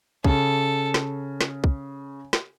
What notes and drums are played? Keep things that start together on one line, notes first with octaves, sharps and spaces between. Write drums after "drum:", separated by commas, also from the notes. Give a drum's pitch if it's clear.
C#3 A4, drum: kick
drum: snare
drum: snare
drum: kick
drum: snare